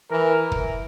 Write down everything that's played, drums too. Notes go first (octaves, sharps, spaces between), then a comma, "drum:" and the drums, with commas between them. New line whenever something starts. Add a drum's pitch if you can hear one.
E3 A#4
drum: kick